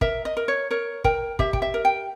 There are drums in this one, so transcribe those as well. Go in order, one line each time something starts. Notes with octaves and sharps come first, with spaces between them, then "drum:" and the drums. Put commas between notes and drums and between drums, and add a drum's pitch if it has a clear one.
A#4 E5, drum: kick
D#5
A#4
C#5
A#4 C#5
A#4 G5, drum: kick
G4 E5, drum: kick
G5, drum: kick
E5
A#4
G5